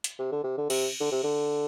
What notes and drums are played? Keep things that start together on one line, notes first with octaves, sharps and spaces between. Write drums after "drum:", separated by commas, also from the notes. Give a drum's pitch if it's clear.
drum: hi-hat
C3
D3
C3
D3
C3, drum: cymbal
D3
C3
D3